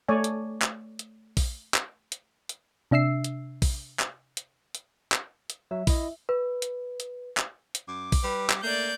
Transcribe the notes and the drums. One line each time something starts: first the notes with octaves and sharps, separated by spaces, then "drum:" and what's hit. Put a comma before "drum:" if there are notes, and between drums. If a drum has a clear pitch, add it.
A3 C#5 D5 G#5
drum: hi-hat
drum: clap
drum: hi-hat
drum: kick A#1, open hi-hat
drum: clap
drum: hi-hat
drum: hi-hat
C3 D4 E5 E6 C7
drum: hi-hat
drum: kick A#1, open hi-hat
drum: clap
drum: hi-hat
drum: hi-hat
drum: clap
drum: hi-hat
F#3 E5
E4 D#5, drum: kick A#1, open hi-hat
B4
drum: hi-hat
drum: hi-hat
drum: clap
drum: hi-hat
F#2 D6
drum: kick A#1, open hi-hat
G3 B4
drum: clap
A3 A#3 D5 G6